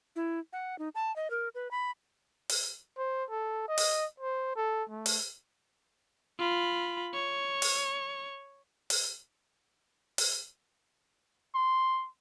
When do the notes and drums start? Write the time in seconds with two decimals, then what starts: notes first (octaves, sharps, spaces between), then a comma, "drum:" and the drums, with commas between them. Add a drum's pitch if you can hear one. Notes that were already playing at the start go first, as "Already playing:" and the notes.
0.16 E4
0.53 F#5
0.79 D#4
0.95 A5
1.16 D#5
1.30 A#4
1.55 B4
1.71 B5
2.49 drum: open hi-hat
2.97 C5
3.30 A4
3.68 D#5
3.78 drum: open hi-hat
4.20 C5
4.56 A4
4.89 A3
5.06 drum: open hi-hat
6.39 F4 B5
7.14 C#5
7.62 drum: open hi-hat
8.90 drum: open hi-hat
10.18 drum: open hi-hat
11.55 C6